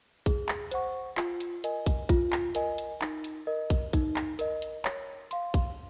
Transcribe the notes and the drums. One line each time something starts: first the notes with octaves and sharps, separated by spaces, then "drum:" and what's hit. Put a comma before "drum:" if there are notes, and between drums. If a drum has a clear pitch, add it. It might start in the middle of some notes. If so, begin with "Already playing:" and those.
G#4, drum: kick, hi-hat
drum: clap
C5 F#5 C#6, drum: hi-hat
F4, drum: clap
drum: hi-hat
A#4 D#5 G#5, drum: hi-hat
drum: kick, hi-hat
F4, drum: kick, hi-hat
drum: clap
A#4 D#5 G#5, drum: hi-hat
drum: hi-hat
D#4, drum: clap
drum: hi-hat
A#4 D#5
drum: kick, hi-hat
D#4, drum: kick, hi-hat
drum: clap
A#4 D#5, drum: hi-hat
drum: hi-hat
C#5, drum: clap
F5 C6, drum: hi-hat
drum: kick, hi-hat